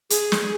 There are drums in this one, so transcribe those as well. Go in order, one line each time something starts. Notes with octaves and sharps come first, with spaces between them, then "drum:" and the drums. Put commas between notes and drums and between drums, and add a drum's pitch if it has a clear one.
G#4, drum: hi-hat
drum: snare